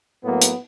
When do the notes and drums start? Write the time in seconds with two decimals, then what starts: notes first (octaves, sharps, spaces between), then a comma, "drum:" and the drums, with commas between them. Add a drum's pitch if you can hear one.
0.24 A2 F#3 A#3 B3
0.42 drum: hi-hat